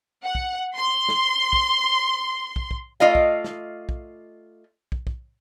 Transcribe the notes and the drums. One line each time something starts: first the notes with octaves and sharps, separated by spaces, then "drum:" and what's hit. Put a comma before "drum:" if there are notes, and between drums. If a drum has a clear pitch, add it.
F#5
drum: kick
C6
drum: snare
drum: kick
drum: kick
drum: kick
A3 F4 D5 D#5 F5
drum: kick
drum: snare
drum: kick
drum: kick
drum: kick